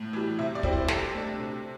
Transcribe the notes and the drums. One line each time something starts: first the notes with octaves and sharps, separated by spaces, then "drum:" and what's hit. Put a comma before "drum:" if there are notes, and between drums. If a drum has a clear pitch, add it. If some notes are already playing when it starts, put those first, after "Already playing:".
Already playing: A2
E3 G3
C3 E5
D5
G3 C4 E4, drum: kick
C5
C3 A4, drum: snare
A3 D4
C3